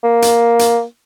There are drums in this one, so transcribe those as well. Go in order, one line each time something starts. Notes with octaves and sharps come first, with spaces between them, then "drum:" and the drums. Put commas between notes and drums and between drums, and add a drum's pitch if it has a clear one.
A#3
drum: hi-hat
drum: hi-hat